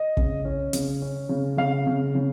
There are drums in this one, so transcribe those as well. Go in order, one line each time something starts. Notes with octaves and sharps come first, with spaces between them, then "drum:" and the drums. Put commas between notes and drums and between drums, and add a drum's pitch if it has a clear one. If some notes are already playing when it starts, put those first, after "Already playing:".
Already playing: D#5
C#3, drum: kick
C#4
C#3, drum: hi-hat
C#4
C#3
C#3 F5
C#3
C#3